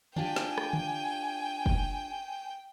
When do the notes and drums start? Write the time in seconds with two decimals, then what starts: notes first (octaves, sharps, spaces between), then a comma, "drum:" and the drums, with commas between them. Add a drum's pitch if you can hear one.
0.16 D4 F4 G4 G5 G#5, drum: tom D3
0.36 drum: snare
0.58 drum: rim click
0.73 drum: tom D3
1.66 drum: kick